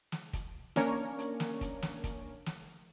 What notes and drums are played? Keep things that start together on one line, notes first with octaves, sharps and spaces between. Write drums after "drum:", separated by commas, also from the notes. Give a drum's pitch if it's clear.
drum: snare
drum: kick, hi-hat
A#3 C#4 D4 A#4 C#5, drum: snare
drum: hi-hat
drum: snare
drum: kick, hi-hat
drum: snare
drum: kick, hi-hat
drum: snare